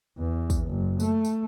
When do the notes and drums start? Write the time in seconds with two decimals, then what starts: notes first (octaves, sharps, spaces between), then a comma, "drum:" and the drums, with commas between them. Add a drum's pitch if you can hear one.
0.18 E2
0.50 drum: kick, tambourine
0.67 F#1
1.00 A3, drum: tambourine
1.25 drum: tambourine